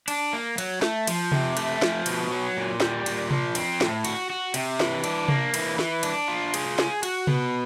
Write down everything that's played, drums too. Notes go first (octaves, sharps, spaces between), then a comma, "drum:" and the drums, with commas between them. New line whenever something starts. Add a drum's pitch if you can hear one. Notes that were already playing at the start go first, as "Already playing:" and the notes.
D4, drum: cymbal
A#3
F#3, drum: cymbal
A3, drum: snare
F3, drum: cymbal
C3, drum: tom C3
A3, drum: cymbal
F3, drum: snare
B2, drum: cymbal
F#3
A#2
G3, drum: snare
A#2, drum: cymbal
F3, drum: tom C3
C4, drum: cymbal
A2, drum: snare
F#4, drum: cymbal
F#4
C3, drum: cymbal
E3, drum: snare
D4, drum: cymbal
A#3, drum: tom C3
E3, drum: cymbal
E3, drum: snare
D4, drum: cymbal
F4
G#4, drum: cymbal
G#4, drum: snare
F#4, drum: cymbal
B3, drum: tom C3